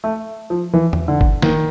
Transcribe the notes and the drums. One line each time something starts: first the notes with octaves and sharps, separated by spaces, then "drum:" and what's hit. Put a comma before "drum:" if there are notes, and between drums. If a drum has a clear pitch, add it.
A3
F3
E3
drum: tom E2
D3
drum: kick
D#3, drum: snare